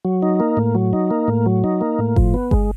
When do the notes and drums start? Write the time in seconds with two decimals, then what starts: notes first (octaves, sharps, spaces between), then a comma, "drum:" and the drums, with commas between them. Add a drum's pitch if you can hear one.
0.05 F#3
0.22 D#4
0.40 A#3
0.57 A2
0.75 F#3
0.93 D#4
1.11 A#3
1.28 A2
1.46 F#3
1.64 D#4
1.81 A#3
1.99 A2
2.16 F3, drum: kick G1
2.34 B3
2.51 G#3, drum: kick G1